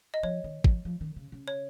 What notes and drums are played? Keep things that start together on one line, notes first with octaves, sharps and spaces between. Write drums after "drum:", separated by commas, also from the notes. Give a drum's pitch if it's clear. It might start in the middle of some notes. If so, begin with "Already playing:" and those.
D#5
F3 C#5
D#3
F3, drum: kick
F3
D#3
C#3
C#3
C#5